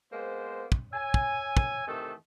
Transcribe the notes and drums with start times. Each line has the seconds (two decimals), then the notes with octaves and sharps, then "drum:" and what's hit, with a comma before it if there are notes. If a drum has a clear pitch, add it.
0.12 G#3 A#3 B3 C5
0.72 drum: kick
0.93 C#5 E5 G#5
1.14 drum: kick
1.57 drum: kick
1.87 C3 D#3 E3 A3 A4